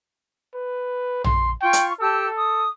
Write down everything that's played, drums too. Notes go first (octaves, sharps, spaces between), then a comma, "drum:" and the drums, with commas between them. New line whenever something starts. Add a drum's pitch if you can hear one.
B4
C6, drum: tom A#1
F4 G5 C#6
drum: hi-hat
G4 A4 A5 E6
D#6